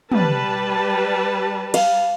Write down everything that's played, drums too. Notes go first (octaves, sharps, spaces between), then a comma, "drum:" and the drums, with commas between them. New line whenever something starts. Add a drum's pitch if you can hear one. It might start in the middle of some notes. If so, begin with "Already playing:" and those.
G3 B4 A5, drum: tom
F5, drum: cymbal